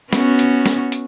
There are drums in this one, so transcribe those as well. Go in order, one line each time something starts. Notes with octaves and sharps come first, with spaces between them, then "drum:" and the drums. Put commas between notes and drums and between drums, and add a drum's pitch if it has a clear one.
B3 C#4 F#4, drum: snare
drum: hi-hat
drum: snare
drum: hi-hat